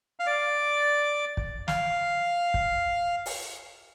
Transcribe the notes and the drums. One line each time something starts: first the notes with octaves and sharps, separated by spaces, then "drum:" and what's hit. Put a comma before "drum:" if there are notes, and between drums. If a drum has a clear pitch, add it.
F5
D5
drum: kick
F5, drum: snare
drum: kick
drum: open hi-hat